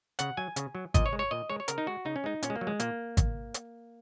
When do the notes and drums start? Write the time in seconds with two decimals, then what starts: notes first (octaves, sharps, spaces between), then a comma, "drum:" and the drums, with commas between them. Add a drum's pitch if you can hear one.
0.19 C#3 F#5, drum: hi-hat
0.37 F#3 G#5
0.56 C#3, drum: hi-hat
0.75 F#3
0.94 A#2 D#5, drum: kick G#1, hi-hat
1.06 C#5
1.13 G#3
1.19 C#5
1.31 A#2 D#5
1.50 G#3 C#5
1.60 C#5
1.68 C#3 A#4, drum: hi-hat
1.78 D#4
1.86 G#3 F#4
2.05 C#3 D#4
2.16 C#4
2.24 G#3 D#4
2.43 A#2 C#4, drum: hi-hat
2.50 G#3
2.56 A#3
2.61 F#3
2.67 G#3
2.80 A#2 A#3, drum: hi-hat
3.17 drum: kick G#1, hi-hat
3.54 drum: hi-hat